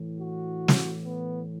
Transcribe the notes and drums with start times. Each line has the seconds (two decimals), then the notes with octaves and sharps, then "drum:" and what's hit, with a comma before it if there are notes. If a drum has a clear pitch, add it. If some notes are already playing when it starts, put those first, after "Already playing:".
Already playing: A2 E3
0.19 F#4
0.68 drum: snare
1.03 B3